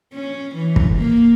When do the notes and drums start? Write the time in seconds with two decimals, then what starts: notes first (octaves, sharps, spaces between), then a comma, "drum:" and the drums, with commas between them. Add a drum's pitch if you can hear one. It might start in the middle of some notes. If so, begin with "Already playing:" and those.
0.13 C#4
0.55 E3
0.76 drum: kick
0.97 A#3